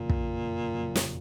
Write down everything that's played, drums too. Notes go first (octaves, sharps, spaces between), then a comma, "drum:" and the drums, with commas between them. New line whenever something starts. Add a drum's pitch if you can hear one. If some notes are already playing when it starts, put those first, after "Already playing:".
Already playing: F#1 F2 A#2 C#3 F3
drum: kick
F#1 F2 C#3 F#3
drum: snare